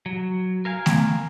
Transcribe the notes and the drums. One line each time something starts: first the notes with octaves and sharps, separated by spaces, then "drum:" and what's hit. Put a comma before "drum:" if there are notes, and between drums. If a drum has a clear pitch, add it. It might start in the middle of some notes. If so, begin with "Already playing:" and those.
F#3
A#4 F5 G#5
drum: snare A3